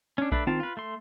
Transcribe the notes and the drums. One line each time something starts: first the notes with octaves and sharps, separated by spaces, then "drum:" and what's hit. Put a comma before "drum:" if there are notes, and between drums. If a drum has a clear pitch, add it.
C#4 D4
A3 D4 B4, drum: kick A#1
D#3 C4 F4 A5
F4 B4
A3 C6